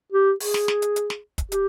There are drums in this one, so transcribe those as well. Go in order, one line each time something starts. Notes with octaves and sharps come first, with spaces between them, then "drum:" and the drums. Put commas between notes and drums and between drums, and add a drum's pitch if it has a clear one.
G4
G#4, drum: open hi-hat
drum: snare
drum: snare
drum: hi-hat
drum: hi-hat
drum: snare
drum: kick, hi-hat
G4, drum: hi-hat